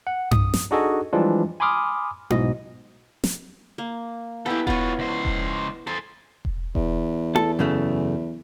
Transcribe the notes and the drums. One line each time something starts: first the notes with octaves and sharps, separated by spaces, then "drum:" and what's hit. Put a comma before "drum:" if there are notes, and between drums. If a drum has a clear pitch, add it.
F#5
D#6, drum: tom G2
drum: snare
D4 D#4 F#4 G#4 A4 D#5
E3 F3 G3 G#3 D4 F4
G#5 B5 C6 D6 D#6 F6
B1 G#2 B2 D#5, drum: tom E4
drum: snare
A#3
B3 E4 G4 A4
B3 F4 F#4 C#5, drum: kick E1
C#2 C5
drum: kick E1
A4 C5 G#5
drum: kick E1
E2, drum: kick E1
A4, drum: tom E4
F#2 C#3 A3